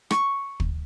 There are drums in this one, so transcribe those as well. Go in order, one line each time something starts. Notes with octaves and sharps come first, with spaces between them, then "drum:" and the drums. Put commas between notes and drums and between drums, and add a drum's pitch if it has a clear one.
C#6, drum: rim click
drum: kick